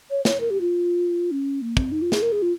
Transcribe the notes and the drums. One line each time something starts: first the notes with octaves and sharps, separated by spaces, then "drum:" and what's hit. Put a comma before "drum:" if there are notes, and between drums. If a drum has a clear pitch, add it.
C#5
C#5, drum: snare
A#4
G4
F4
C#4
A#3
C4, drum: kick
D#4
F4
G#4, drum: snare
A#4
G#4
F4